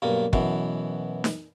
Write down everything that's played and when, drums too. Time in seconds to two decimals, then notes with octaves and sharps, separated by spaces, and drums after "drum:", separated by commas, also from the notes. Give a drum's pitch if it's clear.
0.02 B1 G2 A#3
0.33 F#2 B2 E3, drum: kick
1.24 drum: snare